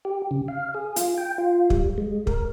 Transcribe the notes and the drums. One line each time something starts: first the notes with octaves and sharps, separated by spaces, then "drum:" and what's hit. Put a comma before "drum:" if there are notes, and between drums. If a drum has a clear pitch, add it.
G4
C#3
F5
G#4
F4, drum: hi-hat
G5
F4
G3, drum: kick
G#3
A#4, drum: kick